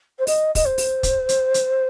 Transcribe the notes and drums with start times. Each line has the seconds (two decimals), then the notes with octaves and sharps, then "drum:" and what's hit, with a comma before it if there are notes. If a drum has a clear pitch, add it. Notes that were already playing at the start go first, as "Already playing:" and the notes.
0.18 C5
0.27 D#5, drum: open hi-hat
0.55 D#5, drum: kick, open hi-hat
0.65 C5
0.78 drum: open hi-hat
1.03 drum: kick, hi-hat
1.29 drum: hi-hat
1.54 drum: hi-hat